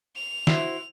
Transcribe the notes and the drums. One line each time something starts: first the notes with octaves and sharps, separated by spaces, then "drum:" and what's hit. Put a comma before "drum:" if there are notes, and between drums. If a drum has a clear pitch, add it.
F7
E4 F#4 C5, drum: snare